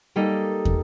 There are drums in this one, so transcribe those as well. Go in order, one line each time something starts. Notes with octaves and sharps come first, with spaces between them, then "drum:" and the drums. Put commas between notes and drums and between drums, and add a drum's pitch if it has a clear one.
G3 A#3 D#4 A4 D#5
drum: kick